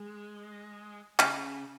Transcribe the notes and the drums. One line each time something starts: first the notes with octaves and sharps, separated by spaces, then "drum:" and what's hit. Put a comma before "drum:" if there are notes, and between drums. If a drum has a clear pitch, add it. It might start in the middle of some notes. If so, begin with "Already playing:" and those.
Already playing: G#3
C#3, drum: clap